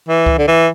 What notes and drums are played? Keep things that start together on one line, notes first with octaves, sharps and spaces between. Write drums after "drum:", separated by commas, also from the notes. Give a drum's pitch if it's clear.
E3
drum: kick C#2
D3
E3